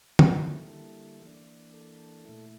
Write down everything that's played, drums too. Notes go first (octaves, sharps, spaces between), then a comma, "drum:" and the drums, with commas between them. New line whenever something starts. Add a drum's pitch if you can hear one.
D3 G3 A#3 E4 A4, drum: tom
E3 A#3 D4
A4
A#2 A3 E4